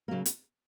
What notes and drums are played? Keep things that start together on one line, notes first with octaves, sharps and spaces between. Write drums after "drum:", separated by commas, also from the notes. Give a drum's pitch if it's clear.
C#3 F#3 A#3
drum: hi-hat